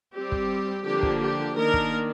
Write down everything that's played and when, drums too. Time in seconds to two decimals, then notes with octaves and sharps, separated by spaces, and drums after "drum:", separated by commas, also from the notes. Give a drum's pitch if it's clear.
0.14 G3 C4 G4
0.32 drum: kick
0.84 D3 F3 A#3 D4 G4
1.03 drum: kick
1.21 G4
1.55 D#3 A#3 D4 A#4
1.73 drum: kick